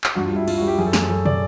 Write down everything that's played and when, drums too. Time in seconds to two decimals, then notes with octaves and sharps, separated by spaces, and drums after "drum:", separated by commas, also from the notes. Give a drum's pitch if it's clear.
0.04 drum: clap
0.15 G2 F#4
0.26 F4
0.32 G3 E4
0.48 G3 F4, drum: cymbal
0.57 F#4
0.62 G3
0.68 G4
0.78 F#2 G#4
0.86 A4
0.93 F#2 G#4, drum: snare
1.09 F#2 A4
1.26 D5, drum: tom